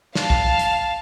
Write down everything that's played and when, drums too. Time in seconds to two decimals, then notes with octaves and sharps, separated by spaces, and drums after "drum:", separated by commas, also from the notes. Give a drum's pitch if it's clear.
0.15 F5 A5, drum: snare
0.30 drum: kick
0.59 drum: hi-hat